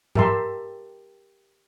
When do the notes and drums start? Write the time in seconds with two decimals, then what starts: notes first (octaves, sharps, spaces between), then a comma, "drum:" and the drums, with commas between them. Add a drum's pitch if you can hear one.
0.15 G4 A#4 E5 A5 C6, drum: tom G#2